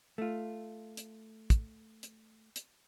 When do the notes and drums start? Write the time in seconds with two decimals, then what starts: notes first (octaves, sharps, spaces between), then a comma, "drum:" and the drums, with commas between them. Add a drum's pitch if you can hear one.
0.18 A3 F4
0.97 drum: hi-hat
1.50 drum: kick, hi-hat
2.03 drum: hi-hat
2.56 drum: hi-hat